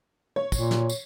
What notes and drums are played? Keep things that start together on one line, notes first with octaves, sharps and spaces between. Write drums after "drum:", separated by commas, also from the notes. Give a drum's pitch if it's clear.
C#5
A#2, drum: kick, tambourine
drum: snare
drum: tambourine